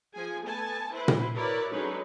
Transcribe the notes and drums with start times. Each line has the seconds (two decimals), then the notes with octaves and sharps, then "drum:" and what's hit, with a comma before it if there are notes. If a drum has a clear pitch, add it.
0.14 F3 G#4 G#5
0.44 A3 B3 G#5 A5
0.93 E4 B4 C5
1.08 drum: tom A#2
1.37 E4 F#4 A#4 B4 C#5 D5
1.71 D3 F#3 G#3 C#4 D#4 B4